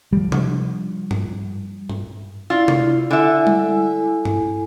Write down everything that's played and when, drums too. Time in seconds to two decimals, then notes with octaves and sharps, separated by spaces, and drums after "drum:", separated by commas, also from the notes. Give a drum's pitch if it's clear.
0.13 F3 G3
0.32 drum: tom C3
1.11 drum: tom G2
1.89 drum: tom G2
2.50 E4 F4 D5
2.68 drum: tom C3
3.11 D3 E4 A4 E5 G#5
3.47 drum: tom G3
4.25 drum: tom G2